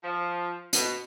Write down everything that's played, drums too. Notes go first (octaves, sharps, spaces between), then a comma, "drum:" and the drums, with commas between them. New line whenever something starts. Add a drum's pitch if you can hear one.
F3
B2, drum: hi-hat